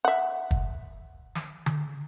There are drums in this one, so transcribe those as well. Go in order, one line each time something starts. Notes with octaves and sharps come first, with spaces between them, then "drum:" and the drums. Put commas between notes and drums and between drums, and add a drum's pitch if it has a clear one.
E5 F#5
drum: kick
drum: snare
drum: tom D3